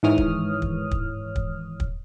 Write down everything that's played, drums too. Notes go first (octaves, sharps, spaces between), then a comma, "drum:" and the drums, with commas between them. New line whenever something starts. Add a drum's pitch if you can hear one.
G#2 D#3 E3 C#5 D#6 F6
drum: kick
drum: kick
drum: kick
drum: kick
drum: kick